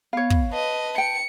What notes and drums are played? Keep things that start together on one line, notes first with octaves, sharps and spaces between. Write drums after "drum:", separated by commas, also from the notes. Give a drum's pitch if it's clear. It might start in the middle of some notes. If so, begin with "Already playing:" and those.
B3 C#5 F5
drum: kick
B4 D#5 A5
G5 C#7